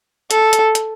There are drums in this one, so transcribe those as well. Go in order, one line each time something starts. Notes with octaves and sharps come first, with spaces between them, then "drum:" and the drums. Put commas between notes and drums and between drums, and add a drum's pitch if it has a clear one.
A4, drum: hi-hat
drum: hi-hat
drum: hi-hat